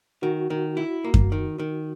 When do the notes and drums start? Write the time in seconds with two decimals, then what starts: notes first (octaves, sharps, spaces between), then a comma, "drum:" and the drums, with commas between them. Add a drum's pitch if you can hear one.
0.22 D#3 F#4
0.50 D#3
0.77 E4
1.04 A#3
1.14 drum: kick F#2
1.32 D#3
1.59 D#3